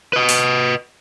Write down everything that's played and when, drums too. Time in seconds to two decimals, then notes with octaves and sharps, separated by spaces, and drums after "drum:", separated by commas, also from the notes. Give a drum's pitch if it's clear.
0.13 B4 D#5
0.29 drum: open hi-hat